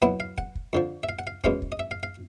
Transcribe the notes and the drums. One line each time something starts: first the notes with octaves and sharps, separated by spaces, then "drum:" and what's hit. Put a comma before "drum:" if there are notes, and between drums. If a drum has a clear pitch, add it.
B2 F#3 B3 E4 F#5
F5
F#5, drum: kick
drum: kick
F2 D3 F3
E5
F5
F#5
F5
E2 B2 G#3 C#4 F5, drum: kick
drum: kick
D#5
E5
F5
F5